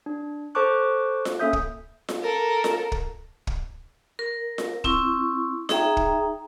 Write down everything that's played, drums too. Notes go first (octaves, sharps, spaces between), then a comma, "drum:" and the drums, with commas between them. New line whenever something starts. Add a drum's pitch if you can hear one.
D4
A4 C5 A5 C#6 D6 F#6
drum: snare F4
A#3 C#4 A4 E5 D#6 G6
drum: kick
drum: snare F4
A4 A#4
drum: snare F4
drum: kick
drum: kick
A#4
drum: snare F4
C4 E4 C#6, drum: kick
D#4 G#4 E5 G5 A#5, drum: snare F4
drum: kick